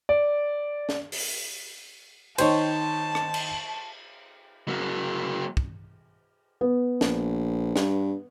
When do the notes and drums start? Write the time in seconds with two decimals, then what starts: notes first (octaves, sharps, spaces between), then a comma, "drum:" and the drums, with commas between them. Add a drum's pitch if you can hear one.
0.09 D5
0.89 drum: snare
1.12 drum: open hi-hat
2.38 D#3 C5 C#5 D#5 G5 A5, drum: cymbal
3.15 drum: rim click
3.34 drum: cymbal
4.68 F#3 A#3
5.57 drum: kick
6.61 B3
7.01 A#1, drum: snare
7.76 G2, drum: snare